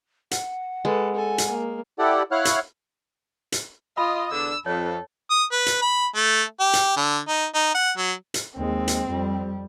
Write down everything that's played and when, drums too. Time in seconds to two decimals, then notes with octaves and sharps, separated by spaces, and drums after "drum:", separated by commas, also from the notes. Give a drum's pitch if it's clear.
0.31 F#5, drum: hi-hat
0.85 G#3 A4 B4
1.14 A4 G#5
1.38 drum: hi-hat
1.50 A#3
1.99 E4 G4 A4 D5 F#5
2.31 E4 C#5 F5 F#5 F6 F#6
2.45 drum: hi-hat
3.52 drum: hi-hat
3.97 F4 D#5 B5
4.31 E2 D3 D4 E6
4.66 F2 A4 C#5
5.30 D#6
5.52 B4
5.66 drum: hi-hat
5.82 B5
6.15 A3
6.60 G4
6.73 drum: hi-hat
6.97 D3
7.28 D#4
7.55 D#4
7.75 F#5
7.97 F#3
8.34 drum: hi-hat
8.56 D#2 G#3 C4
8.88 drum: hi-hat
9.09 F2 G3